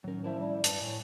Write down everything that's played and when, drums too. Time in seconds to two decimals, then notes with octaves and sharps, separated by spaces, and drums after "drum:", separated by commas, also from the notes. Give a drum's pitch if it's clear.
0.04 A2 D#3 F#3 C#4 A#4
0.24 F3 D4 E4 E5
0.39 G3
0.64 G2 A5, drum: hi-hat
0.81 A2 C#5 G#5